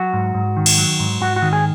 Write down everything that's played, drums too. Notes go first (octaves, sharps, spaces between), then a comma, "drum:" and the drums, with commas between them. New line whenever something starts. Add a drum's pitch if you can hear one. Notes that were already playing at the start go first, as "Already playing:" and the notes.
Already playing: F#3 F#4
G#2
G#2
D#3
drum: cymbal
F#3
G#2
G#2 F#4
F#4
D#3
G#4